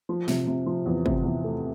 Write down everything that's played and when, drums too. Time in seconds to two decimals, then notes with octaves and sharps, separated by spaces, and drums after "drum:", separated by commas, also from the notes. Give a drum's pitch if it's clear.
0.09 F3
0.28 C3, drum: snare
0.47 C3
0.66 F3
0.86 E2
1.06 C3, drum: kick
1.24 E2
1.44 A3